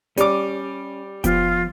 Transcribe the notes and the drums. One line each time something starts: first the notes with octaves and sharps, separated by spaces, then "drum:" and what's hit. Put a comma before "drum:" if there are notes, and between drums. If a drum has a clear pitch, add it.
G3 C#4 D6, drum: hi-hat
F3 B3 F4 G5, drum: kick F1, hi-hat